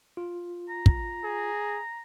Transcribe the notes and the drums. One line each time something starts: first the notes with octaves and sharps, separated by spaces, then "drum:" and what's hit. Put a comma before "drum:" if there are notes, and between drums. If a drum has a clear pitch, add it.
F4
A#5
drum: kick
G#4